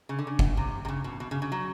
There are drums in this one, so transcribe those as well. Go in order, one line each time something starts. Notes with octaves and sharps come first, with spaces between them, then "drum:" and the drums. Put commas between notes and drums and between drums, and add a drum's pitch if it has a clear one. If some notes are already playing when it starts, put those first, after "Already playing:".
C#3
D3
C#3
drum: kick
C3
C3
C#3
B2
B2
C#3
C#3
F#3